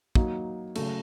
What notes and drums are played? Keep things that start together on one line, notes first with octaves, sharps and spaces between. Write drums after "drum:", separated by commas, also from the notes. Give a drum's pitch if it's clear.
F#3 A#3 D#4, drum: kick
C#3 F#3 A3, drum: cymbal